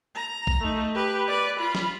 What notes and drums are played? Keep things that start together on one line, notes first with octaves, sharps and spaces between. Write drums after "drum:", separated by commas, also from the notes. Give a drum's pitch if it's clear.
A#5
drum: kick A#1
A3 D#4
G4 B4
B4 D5
F4 B5
drum: snare